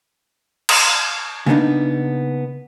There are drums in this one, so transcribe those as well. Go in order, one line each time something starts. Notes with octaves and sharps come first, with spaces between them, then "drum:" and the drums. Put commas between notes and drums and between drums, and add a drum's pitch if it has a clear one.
drum: cymbal
C#3 A#3 B3 D4 D#4